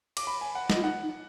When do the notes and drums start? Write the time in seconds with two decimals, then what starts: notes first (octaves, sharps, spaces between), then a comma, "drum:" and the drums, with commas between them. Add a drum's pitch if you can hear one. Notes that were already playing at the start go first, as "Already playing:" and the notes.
0.17 D6, drum: cymbal
0.27 B5
0.41 G#5
0.55 F#5
0.70 D#5, drum: snare
0.75 F4
0.83 D#4 F#5
1.03 D#4